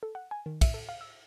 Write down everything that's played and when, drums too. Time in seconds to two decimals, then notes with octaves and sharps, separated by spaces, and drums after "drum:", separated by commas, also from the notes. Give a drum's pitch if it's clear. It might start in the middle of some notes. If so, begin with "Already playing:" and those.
0.03 A4
0.15 F#5
0.31 G#5
0.46 D#3
0.61 E5, drum: kick, cymbal
0.74 A4
0.89 F5
1.01 E6